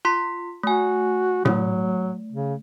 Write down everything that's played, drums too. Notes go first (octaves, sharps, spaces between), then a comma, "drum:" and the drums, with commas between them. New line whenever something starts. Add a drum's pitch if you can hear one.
F4 C6 B6
A3 F#4 G#5
F#3 A3, drum: tom A2
C#3